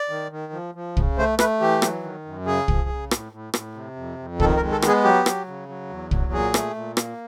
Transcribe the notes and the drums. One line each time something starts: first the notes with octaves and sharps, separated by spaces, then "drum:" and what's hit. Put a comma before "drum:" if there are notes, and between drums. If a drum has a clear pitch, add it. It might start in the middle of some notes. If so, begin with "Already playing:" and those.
Already playing: D5
D#3
D#3
F3
F3
C#3, drum: kick
A3 C5
A3 B4, drum: rim click
E3 G4
F#3, drum: rim click
D#3
F#2
C#3 G#4
F3, drum: kick
C#3
A2, drum: rim click
A2
A2, drum: rim click
C3
F2
F2
D#3 A4, drum: kick
A#4
G#3
A4
B3, drum: rim click
G#4
F#3 G4
F#3, drum: rim click
C#3
F#3
E2
F#3, drum: kick
A#2 G#4
A3, drum: rim click
A#2
A#3, drum: rim click